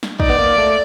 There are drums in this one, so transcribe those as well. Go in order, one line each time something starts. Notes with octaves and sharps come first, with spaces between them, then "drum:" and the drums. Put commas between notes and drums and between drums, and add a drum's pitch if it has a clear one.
drum: snare
D#4 D5, drum: kick
B3
A#3
A3